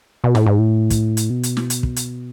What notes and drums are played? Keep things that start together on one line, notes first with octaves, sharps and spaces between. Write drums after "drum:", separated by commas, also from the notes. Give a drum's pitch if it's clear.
B2
A2, drum: snare
G#2
A2
drum: kick, hi-hat
drum: hi-hat
B2
drum: hi-hat
drum: snare
drum: hi-hat
drum: kick
drum: hi-hat